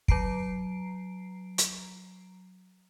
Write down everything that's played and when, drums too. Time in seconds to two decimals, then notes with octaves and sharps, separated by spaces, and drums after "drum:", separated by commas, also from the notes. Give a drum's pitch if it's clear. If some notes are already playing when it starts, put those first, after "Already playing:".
0.08 F#3 A#5 C7 D7, drum: kick
1.58 drum: hi-hat